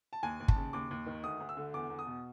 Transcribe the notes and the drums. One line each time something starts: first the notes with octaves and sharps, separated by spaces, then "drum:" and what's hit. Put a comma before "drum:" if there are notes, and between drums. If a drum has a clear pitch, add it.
A5
D#2 G#5
D#2
A5, drum: kick
C#3
D#2 D6
D#2
D#3
D2 D#6
D2
E6
D3
E2 D6
E2
D#6
B2